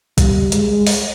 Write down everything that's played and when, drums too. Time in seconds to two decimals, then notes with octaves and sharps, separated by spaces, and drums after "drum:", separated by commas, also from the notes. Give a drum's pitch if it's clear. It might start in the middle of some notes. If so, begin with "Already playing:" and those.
0.18 G3, drum: kick, hi-hat
0.52 G#3, drum: hi-hat
0.87 drum: open hi-hat